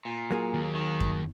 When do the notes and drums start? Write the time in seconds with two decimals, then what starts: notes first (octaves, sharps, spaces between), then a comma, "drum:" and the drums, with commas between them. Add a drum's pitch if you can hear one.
0.05 A#2
0.31 F#3 A#3 G#4
0.54 D#2
0.75 D#3
1.00 drum: kick F#2